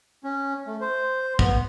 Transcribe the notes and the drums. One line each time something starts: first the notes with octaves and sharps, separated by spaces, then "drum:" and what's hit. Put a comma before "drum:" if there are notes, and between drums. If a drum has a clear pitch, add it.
C#4
A3
C5
B3, drum: kick